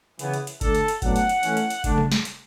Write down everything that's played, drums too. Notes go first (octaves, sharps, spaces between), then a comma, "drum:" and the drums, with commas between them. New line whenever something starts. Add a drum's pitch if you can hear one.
C#3 E3 B3, drum: hi-hat
drum: hi-hat
drum: hi-hat
D3 A3 D4 A4, drum: kick G1, hi-hat
drum: hi-hat
drum: hi-hat
A2 F#3 B3 D4 F#5, drum: kick G1, hi-hat
drum: hi-hat
drum: hi-hat
E3 A3 C#4, drum: hi-hat
drum: hi-hat
drum: hi-hat
D3 A3 D4, drum: kick G1, hi-hat
drum: tom C3
drum: snare
drum: hi-hat